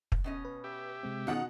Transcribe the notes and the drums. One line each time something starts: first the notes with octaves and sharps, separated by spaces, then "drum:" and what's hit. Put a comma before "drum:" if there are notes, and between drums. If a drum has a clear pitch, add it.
drum: kick
B2 C#4 D#5
B4
G4 E5
C3 G#3 C4
B2 D#3 C#4 D#4 F4 G#4 F#5